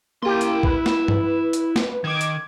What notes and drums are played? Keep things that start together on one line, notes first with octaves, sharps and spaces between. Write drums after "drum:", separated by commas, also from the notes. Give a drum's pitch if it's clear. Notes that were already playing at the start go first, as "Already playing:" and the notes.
A#3 E4 G4 C6
drum: hi-hat
B4, drum: kick A#1
drum: snare
drum: tom G2
drum: hi-hat
drum: snare
D#3 D6 G#6
drum: hi-hat